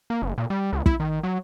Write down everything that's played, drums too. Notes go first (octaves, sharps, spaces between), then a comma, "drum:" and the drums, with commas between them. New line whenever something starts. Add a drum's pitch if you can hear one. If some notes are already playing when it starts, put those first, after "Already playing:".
A#3
F#1
A#2
G3
C#2
E4, drum: kick
D#3
F#3